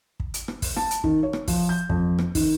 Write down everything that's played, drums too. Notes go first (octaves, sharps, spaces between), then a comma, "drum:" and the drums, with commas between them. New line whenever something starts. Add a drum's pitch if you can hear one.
drum: kick
drum: hi-hat
drum: rim click
drum: kick, open hi-hat
A5, drum: rim click
drum: hi-hat
D#3, drum: kick
C#5
drum: rim click
F3, drum: kick, open hi-hat
G6
F2, drum: kick
drum: rim click
D#3, drum: kick, open hi-hat